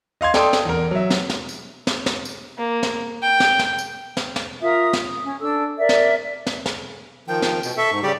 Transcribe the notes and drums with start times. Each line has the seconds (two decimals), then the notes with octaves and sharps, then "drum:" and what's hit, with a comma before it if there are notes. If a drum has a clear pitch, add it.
0.21 D#5 F5 C6 G#6
0.34 A4 D5 G5 A5 C6 D#6, drum: snare
0.53 drum: snare
0.65 E2 A#4
0.91 F#3 E5
1.10 drum: snare
1.30 drum: snare
1.49 drum: tambourine
1.87 drum: snare
2.06 drum: snare
2.25 drum: tambourine
2.58 A#3
2.83 drum: snare
3.23 G5
3.40 drum: snare
3.59 drum: snare
3.78 drum: tambourine
4.17 drum: snare
4.36 drum: snare
4.62 F4 A#4 E5 D#6
4.93 drum: snare
5.08 D#6
5.24 C#4
5.39 D4 A4 E6
5.78 A#4 D5 E5
5.89 drum: snare
6.47 drum: snare
6.66 drum: snare
7.28 D#3 F3 G5
7.42 drum: snare
7.63 B2, drum: tambourine
7.77 A4 E5 C#6
7.91 G#2
8.03 C#3 G3 G4 D5